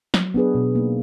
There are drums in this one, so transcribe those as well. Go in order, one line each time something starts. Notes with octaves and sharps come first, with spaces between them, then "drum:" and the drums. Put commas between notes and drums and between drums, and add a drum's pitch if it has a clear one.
F#3, drum: snare
B3 D4 G#4 B4
B2
A#3 D#4